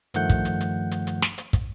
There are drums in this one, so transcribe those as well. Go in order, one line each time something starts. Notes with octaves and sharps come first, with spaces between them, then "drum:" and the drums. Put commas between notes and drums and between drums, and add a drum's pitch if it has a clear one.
G2 D#3 F3 A3 F#5 G6, drum: hi-hat
drum: kick, hi-hat
drum: hi-hat
drum: hi-hat
drum: hi-hat
drum: hi-hat
drum: snare
drum: hi-hat
drum: kick, hi-hat